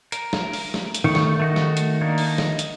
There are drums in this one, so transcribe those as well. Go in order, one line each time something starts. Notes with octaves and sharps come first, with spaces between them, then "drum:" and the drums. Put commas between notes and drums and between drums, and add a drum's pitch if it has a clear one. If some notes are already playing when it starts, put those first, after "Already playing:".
A#4, drum: hi-hat
drum: snare
drum: open hi-hat
drum: snare
drum: hi-hat
D#3 A3 C#6
drum: snare
A3 F#4 D#5
drum: snare
drum: hi-hat
A#3 D4 D#4
drum: open hi-hat
D#5
drum: snare
drum: hi-hat